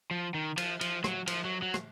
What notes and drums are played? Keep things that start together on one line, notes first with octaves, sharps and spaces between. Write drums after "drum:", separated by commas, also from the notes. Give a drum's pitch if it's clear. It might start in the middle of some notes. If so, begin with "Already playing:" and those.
F3
D#3
F3, drum: cymbal
F3, drum: cymbal
F#3, drum: rim click
F3, drum: cymbal
F#3
F#3
drum: rim click